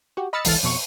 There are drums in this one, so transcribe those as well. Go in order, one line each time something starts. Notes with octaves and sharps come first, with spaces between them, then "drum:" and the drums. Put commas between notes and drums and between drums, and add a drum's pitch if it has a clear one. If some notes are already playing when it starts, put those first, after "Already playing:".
F#4 G4
D#5 B5 E6 F6 A6 C#7
G#1 C#2 E3 A4 F6 A6, drum: open hi-hat
F2 B2 C#6 C#7